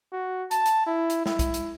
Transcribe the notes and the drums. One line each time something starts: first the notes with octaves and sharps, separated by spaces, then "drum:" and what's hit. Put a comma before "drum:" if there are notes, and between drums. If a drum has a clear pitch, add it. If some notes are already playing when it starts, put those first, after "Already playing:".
F#4
A5, drum: hi-hat
drum: hi-hat
E4
drum: hi-hat
E4, drum: snare
drum: kick, hi-hat
drum: hi-hat